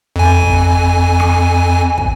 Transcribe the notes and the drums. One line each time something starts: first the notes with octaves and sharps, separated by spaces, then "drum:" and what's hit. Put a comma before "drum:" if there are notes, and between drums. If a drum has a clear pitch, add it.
F2 G#5
drum: kick
drum: rim click
drum: kick